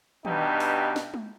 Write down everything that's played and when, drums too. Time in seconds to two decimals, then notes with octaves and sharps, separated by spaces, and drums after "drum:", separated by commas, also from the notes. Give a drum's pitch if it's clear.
0.25 G2 B2 D#4 G4, drum: tom D#3
0.60 drum: open hi-hat
0.96 drum: snare
1.14 drum: tom G#3